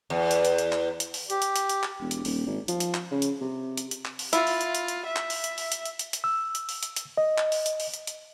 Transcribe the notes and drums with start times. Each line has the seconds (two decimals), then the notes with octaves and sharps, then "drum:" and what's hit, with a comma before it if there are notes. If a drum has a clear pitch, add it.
0.10 E2
0.31 drum: hi-hat
0.45 drum: hi-hat
0.58 drum: hi-hat
0.72 drum: clap
1.00 drum: hi-hat
1.14 drum: open hi-hat
1.30 G4, drum: hi-hat
1.42 drum: hi-hat
1.56 drum: hi-hat
1.69 drum: hi-hat
1.83 drum: clap
2.01 E1
2.11 drum: hi-hat
2.25 D#1, drum: open hi-hat
2.46 G#1
2.68 F3, drum: hi-hat
2.80 drum: hi-hat
2.94 drum: clap
3.11 C#3
3.22 drum: hi-hat
3.41 C3
3.77 drum: hi-hat
3.91 drum: hi-hat
4.05 drum: clap
4.19 drum: open hi-hat
4.33 E4 F4, drum: hi-hat
4.47 drum: open hi-hat
4.61 drum: hi-hat
4.75 drum: hi-hat
4.88 drum: hi-hat
5.06 E5
5.16 drum: clap
5.30 drum: open hi-hat
5.44 drum: hi-hat
5.58 drum: open hi-hat
5.72 drum: hi-hat
5.86 drum: hi-hat
5.99 drum: hi-hat
6.13 drum: hi-hat
6.24 E6
6.55 drum: hi-hat
6.69 drum: open hi-hat
6.83 drum: hi-hat
6.96 drum: hi-hat
7.17 D#5
7.38 drum: clap
7.52 drum: open hi-hat
7.66 drum: hi-hat
7.80 drum: open hi-hat
7.94 drum: hi-hat
8.07 drum: hi-hat